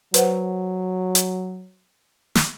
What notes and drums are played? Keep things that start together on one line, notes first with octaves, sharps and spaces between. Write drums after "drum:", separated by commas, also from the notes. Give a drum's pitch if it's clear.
F#3 B4 C5 F#5, drum: hi-hat
drum: hi-hat
drum: snare